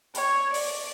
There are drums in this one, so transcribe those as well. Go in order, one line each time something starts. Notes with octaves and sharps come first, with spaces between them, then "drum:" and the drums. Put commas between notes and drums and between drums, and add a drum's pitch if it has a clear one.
C#5, drum: hi-hat
D5, drum: open hi-hat